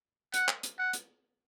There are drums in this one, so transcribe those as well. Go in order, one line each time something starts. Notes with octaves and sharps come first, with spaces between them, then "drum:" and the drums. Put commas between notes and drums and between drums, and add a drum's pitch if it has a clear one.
F#5, drum: hi-hat
drum: clap
drum: hi-hat
F#5
drum: hi-hat